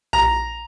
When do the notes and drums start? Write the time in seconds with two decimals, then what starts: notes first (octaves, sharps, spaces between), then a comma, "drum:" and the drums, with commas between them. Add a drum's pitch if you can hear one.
0.13 A#5, drum: kick A#1